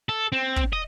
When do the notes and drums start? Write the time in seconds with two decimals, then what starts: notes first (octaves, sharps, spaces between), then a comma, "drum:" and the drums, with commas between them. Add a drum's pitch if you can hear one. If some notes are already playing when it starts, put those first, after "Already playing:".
0.09 A4
0.32 C4
0.56 drum: kick
0.73 D#5